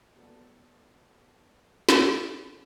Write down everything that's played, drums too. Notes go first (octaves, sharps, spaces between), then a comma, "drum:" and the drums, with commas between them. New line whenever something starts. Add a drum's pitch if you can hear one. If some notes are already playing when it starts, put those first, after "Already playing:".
B2 G3 A3 B3 A4
drum: snare